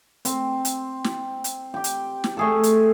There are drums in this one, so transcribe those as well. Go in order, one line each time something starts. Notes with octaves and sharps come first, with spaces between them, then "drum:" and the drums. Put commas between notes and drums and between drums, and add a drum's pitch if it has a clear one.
C4, drum: hi-hat
drum: hi-hat
drum: snare
drum: hi-hat
G4 G5
drum: hi-hat
drum: snare
A3 G#4 A4
drum: hi-hat